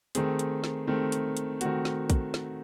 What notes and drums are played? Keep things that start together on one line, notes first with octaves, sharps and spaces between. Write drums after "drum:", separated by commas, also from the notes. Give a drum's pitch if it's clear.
D#3 A3 C4 G#4, drum: hi-hat
drum: hi-hat
drum: snare
D#3 A3 C4
drum: hi-hat
drum: hi-hat
D#3 A3 C4 F#4, drum: hi-hat
drum: snare
drum: kick, hi-hat
drum: snare